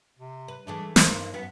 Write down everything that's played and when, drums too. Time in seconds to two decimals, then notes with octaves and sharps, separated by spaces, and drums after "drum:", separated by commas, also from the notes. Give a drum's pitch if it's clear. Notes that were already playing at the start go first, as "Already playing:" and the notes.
0.19 C3
0.48 B4
0.67 E3 G#3 A3 D4
0.96 G2 A#3 D#4 C5, drum: snare
1.34 F#2 B3